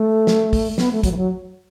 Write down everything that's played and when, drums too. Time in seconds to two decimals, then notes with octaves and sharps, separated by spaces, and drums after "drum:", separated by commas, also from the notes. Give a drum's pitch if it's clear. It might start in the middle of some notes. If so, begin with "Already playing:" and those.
Already playing: A3
0.27 drum: snare
0.53 drum: kick, open hi-hat
0.78 B3, drum: snare
0.92 A3
1.03 F#3, drum: kick, hi-hat
1.11 E3
1.17 F#3